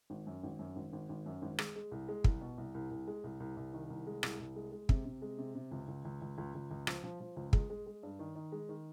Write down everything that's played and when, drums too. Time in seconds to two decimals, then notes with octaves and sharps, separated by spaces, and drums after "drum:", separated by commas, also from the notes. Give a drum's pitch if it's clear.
0.10 G#1
0.27 F#2
0.43 G#1
0.59 F#2
0.76 G#1
0.93 G#1
1.09 G#1
1.26 F#2
1.42 G#1
1.59 G#3, drum: rim click
1.76 G#3
1.91 C2
2.09 G#3
2.24 C2, drum: kick
2.41 B2
2.58 C2
2.74 C2
2.91 C2
3.08 G#3
3.24 C2
3.40 C2
3.57 C2
3.73 D#3
3.90 C2
4.07 G#3
4.23 C2, drum: rim click
4.39 C2
4.56 G#3
4.72 G#3
4.89 C3, drum: kick
5.06 C3
5.22 G#3
5.39 C3
5.55 C3
5.71 C#2
5.88 C#2
6.05 C#2
6.22 C#2
6.38 C#2
6.55 C#2
6.71 C#2
6.87 F3, drum: rim click
7.04 F3
7.20 F3
7.37 C#2
7.53 G#3, drum: kick
7.70 G#3
7.87 G#3
8.03 G2
8.19 D#3
8.35 D#3
8.52 G#3
8.69 D#3